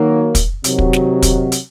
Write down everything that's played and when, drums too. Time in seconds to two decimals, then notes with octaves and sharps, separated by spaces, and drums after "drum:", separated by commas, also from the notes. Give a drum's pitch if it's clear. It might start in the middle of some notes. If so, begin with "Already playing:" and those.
Already playing: D#3 F#3 A#3
0.35 drum: kick, hi-hat
0.64 C3 D#3 F#3, drum: hi-hat
0.79 drum: kick
0.93 drum: snare
1.22 drum: kick, hi-hat
1.52 drum: hi-hat